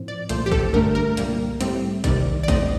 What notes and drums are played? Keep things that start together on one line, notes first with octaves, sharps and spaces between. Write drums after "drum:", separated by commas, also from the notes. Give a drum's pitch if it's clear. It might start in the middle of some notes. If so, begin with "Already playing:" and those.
Already playing: A2 F3 C4
D5
C2 A#2 F3 A3 C5, drum: hi-hat
G4
A4, drum: kick
G2 D3 A3 A#4
A#4
C2 A#2 G3 A#3, drum: hi-hat
A2 G3 C4, drum: hi-hat
C2 C3 D#3 G3 D5, drum: kick, hi-hat
D5
A2 A3 C4 D#5, drum: kick, hi-hat